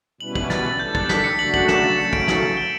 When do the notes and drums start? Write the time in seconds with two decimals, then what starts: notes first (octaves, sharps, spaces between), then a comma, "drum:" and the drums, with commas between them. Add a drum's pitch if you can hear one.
0.21 B2 G3 C#4 E4 B4 F#7
0.35 F#7, drum: kick
0.50 A6, drum: snare
0.65 A6
0.79 G3 D4 A4 G6
0.95 A6, drum: kick
1.09 B6, drum: snare
1.24 C#7
1.39 C#3 F#3 A3 D4 F#4 F#7
1.54 F#7, drum: kick
1.68 E7, drum: snare
1.84 A6
1.98 C#3 F#3 A3 C#4 C#7
2.13 D7, drum: kick
2.28 F#7, drum: snare
2.43 F#7
2.57 G7